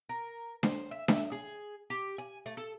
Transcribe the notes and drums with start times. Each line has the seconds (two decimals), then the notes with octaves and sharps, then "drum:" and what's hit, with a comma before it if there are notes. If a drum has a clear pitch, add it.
0.09 A#4
0.63 C5, drum: snare D4
0.91 E5
1.08 E5, drum: snare D4
1.32 G#4
1.90 G4
2.18 G#5
2.46 A3
2.57 A4